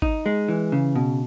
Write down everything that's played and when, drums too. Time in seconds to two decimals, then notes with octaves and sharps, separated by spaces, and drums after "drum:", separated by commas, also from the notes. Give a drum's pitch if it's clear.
0.02 D#4, drum: kick G#1
0.26 G#3
0.48 E3
0.72 C#3
0.95 B2